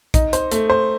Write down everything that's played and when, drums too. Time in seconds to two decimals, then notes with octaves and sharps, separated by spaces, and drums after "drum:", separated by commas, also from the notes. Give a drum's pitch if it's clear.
0.14 D#4, drum: kick A#1, hi-hat
0.33 C5, drum: hi-hat
0.52 A3, drum: hi-hat
0.70 C5